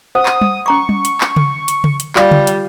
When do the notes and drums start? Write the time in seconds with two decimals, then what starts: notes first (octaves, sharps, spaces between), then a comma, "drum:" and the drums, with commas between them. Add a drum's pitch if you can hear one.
0.15 C5 F#5 D#6
0.26 drum: clap
0.41 drum: tom G3
0.66 C#4 A#5 C#6 D6
0.89 drum: tom G3
1.05 drum: hi-hat
1.21 drum: clap
1.36 drum: tom C#3
1.68 drum: hi-hat
1.84 drum: tom C#3
2.00 drum: hi-hat
2.16 G3 F4 D5 F5, drum: clap
2.31 drum: tom C#3
2.47 drum: hi-hat